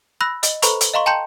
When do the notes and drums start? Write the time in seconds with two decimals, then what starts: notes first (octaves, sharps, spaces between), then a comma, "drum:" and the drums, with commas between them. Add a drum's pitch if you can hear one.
0.21 B5 E6 F#6 A#6
0.43 D#5, drum: hi-hat
0.62 A4 B4 C5 A#5 B5 C#6, drum: hi-hat
0.81 drum: hi-hat
0.94 D#5 F5 A#5 C6 C#6
1.06 G5 A5 A#5 C6 G6 C#7